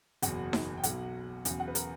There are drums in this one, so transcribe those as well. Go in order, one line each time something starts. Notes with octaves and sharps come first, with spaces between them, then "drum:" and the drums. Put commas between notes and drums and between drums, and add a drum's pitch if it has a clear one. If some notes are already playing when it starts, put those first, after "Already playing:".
F#1 E2 B2 F#3 F#5, drum: hi-hat
drum: snare D#4
G5
B1 B2 F#3 F#5, drum: hi-hat
E1 E2 C#3 F#3, drum: hi-hat
F#5
B4
A#4, drum: hi-hat